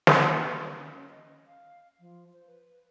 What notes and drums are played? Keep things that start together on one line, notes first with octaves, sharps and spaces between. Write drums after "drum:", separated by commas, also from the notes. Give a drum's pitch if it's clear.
drum: snare
A#3
C#4
D#5
F5
F3
C5
B4